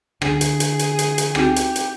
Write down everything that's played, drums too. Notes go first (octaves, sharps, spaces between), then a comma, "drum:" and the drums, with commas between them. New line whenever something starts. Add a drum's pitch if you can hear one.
D3 G#4, drum: rim click
drum: hi-hat
drum: hi-hat
drum: hi-hat
drum: hi-hat
drum: hi-hat
C4 D#4 F#4 G4, drum: rim click
drum: hi-hat
drum: hi-hat